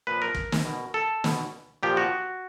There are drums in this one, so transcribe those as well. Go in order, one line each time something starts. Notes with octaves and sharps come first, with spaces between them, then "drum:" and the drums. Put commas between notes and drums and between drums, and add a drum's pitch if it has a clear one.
A#2 F3 B4
A#4
drum: kick
drum: snare
B2
A4
B2, drum: snare
A#2 F3 G4
F#4